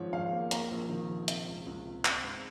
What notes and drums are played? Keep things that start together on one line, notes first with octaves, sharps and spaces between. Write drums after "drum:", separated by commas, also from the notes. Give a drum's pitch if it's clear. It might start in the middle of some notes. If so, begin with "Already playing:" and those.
Already playing: G#2 D#3 F3 C#5
G#2 F5
A#3
A#3 A#5, drum: hi-hat
A#1
D#3
A#1
C3, drum: hi-hat
C#2
C#2
C3
C4, drum: clap
G#2